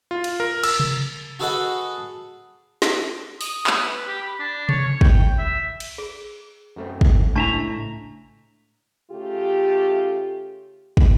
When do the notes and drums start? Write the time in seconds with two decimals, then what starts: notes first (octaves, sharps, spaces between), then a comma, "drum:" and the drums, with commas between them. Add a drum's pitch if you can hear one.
0.11 F4
0.24 drum: cymbal
0.40 A#4
0.63 E6, drum: cymbal
0.80 drum: tom C3
1.39 F#4 G#4 A4 B4 D#5 F#5
2.82 drum: snare
3.41 D#6, drum: open hi-hat
3.67 drum: clap
3.79 B4
4.07 G4
4.21 B5
4.39 D4
4.69 C#5, drum: tom C3
4.84 C#5
5.01 G5, drum: kick
5.38 E5
5.80 drum: cymbal
5.98 G#4
6.76 F#2 A3 C4
7.01 drum: kick
7.35 C#2 A2 D4 E5 A5 A#5 C#6
9.11 C#3 A3 F4 G4
10.97 drum: kick